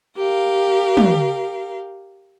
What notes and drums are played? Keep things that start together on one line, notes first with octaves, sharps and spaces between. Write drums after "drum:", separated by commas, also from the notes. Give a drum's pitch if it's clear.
G4 A#4 F5
drum: tom